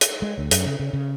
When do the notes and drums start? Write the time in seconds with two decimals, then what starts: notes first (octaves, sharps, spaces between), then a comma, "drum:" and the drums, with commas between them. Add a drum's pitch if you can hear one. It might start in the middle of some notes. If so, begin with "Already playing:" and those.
0.01 drum: hi-hat
0.22 G#3
0.38 D2
0.51 F#2, drum: hi-hat
0.66 C#3
0.80 C#3
0.93 C#3